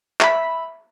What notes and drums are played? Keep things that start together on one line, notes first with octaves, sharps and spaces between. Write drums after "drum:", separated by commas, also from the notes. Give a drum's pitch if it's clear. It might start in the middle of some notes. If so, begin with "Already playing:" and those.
E5 B5, drum: clap